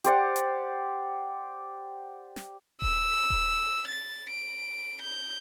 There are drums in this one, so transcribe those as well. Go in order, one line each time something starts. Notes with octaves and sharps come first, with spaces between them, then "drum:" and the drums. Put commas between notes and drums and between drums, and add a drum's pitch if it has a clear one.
G4 C5 D5 F#5, drum: hi-hat
drum: hi-hat
drum: snare
E6, drum: kick D#1
drum: kick D#1
A6
D7
G6